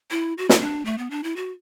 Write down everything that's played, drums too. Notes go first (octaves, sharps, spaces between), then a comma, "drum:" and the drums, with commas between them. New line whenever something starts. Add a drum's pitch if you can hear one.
E4
F#4
E4, drum: snare
D4
A3
B3
D4
E4
F#4